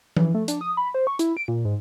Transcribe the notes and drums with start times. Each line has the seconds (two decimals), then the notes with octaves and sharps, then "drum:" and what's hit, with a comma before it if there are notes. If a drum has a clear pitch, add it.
0.17 E3, drum: tom F3
0.35 A3
0.48 D4, drum: hi-hat
0.61 D#6
0.77 B5
0.94 C5
1.07 C#6
1.19 E4, drum: hi-hat
1.37 D7
1.48 A#2
1.65 G#2